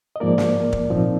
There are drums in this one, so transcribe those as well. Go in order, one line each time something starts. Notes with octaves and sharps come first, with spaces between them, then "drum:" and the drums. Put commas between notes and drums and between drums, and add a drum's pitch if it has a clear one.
D#5
G#2 F3 A#3 A#4 D5
drum: snare
drum: kick
A#2 F3 C4 D#4